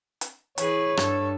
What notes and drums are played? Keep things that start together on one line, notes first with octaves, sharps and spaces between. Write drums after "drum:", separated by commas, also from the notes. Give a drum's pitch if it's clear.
drum: hi-hat
E3 G#4 B4 C#5, drum: hi-hat
G2 A4, drum: rim click